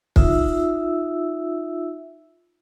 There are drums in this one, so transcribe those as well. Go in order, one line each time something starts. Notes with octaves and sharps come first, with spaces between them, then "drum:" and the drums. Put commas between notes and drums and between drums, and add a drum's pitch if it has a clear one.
D#4 F4 E5 E6, drum: kick